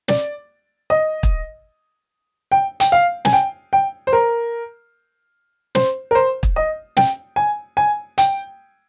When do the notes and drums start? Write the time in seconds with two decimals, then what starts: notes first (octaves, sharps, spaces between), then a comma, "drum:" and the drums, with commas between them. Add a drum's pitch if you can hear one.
0.08 D5, drum: snare
0.90 D#5
1.23 drum: kick
2.52 G5
2.80 G5, drum: hi-hat
2.92 F5
3.25 G#5, drum: snare
3.33 G5
3.73 G5
4.07 C5
4.13 A#4
5.75 C5, drum: snare
6.11 A#4
6.15 C5
6.43 drum: kick
6.56 D#5
6.97 G5, drum: snare
7.36 G#5
7.77 G#5
8.18 G5, drum: hi-hat